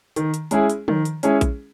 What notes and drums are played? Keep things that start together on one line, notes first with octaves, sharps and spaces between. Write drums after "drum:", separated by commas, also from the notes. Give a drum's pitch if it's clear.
D#3, drum: hi-hat
drum: hi-hat
G#3 C#4 E4 G#4, drum: hi-hat
drum: hi-hat
D#3, drum: tom F3
drum: hi-hat
G#3 C#4 E4 G#4, drum: hi-hat
drum: kick A#1, hi-hat